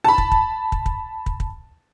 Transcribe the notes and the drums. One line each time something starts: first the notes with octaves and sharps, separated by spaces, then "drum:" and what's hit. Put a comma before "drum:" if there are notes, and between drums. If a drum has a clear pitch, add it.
A5 B5
drum: kick
drum: kick
drum: kick
drum: kick
drum: kick
drum: kick